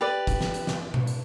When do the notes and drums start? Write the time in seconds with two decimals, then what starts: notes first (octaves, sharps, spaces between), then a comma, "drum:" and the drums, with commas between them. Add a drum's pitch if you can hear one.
0.01 G4 B4 D5
0.27 drum: kick, hi-hat
0.41 drum: snare
0.54 drum: hi-hat
0.67 drum: snare
0.94 drum: tom B2
1.07 drum: hi-hat